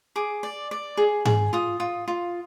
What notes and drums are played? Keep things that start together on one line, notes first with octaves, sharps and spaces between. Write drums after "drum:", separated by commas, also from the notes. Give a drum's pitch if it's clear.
G#4 D6
D5
D5
G#4
G#4, drum: tom G#2
F4 D#6
F4
F4